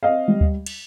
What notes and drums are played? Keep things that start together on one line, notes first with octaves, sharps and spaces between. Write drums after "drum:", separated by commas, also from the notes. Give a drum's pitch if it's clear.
C4 D#5 F5
G3
drum: kick D2
drum: cymbal